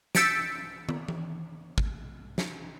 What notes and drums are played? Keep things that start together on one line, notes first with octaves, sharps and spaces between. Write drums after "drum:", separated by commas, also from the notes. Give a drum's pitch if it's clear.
E6 G6 A6 B6 C#7 D7, drum: snare
drum: tom
drum: tom E3
drum: kick
drum: snare